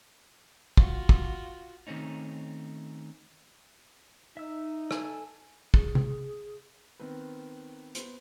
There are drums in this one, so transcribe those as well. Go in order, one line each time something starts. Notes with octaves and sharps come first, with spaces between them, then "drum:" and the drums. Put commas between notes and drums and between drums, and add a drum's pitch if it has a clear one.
F4 F#4, drum: kick
drum: kick
D#3 A3 C4 C#4 D#4
D#4 E5 E6
A4 G#5 E6, drum: rim click
G#4, drum: kick
drum: tom C3
D#3 B3 C4 B4
B3 C5, drum: hi-hat